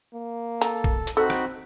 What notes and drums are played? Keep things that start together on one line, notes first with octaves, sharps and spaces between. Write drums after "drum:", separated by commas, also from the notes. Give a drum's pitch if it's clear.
A#3
A4 A#5, drum: hi-hat
drum: kick
drum: hi-hat
C4 D#4 F#4 A4 B5
drum: rim click